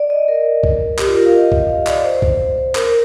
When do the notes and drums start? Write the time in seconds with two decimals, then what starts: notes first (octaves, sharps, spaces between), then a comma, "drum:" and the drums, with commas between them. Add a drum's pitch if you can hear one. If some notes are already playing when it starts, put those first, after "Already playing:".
Already playing: D5
0.10 D#5
0.28 A#4
0.64 drum: kick
0.99 G4, drum: clap
1.08 F4
1.16 A#4
1.25 F5
1.34 D#5
1.52 drum: kick
1.70 F5
1.87 D5, drum: clap
2.04 C5
2.22 drum: kick
2.75 A#4, drum: clap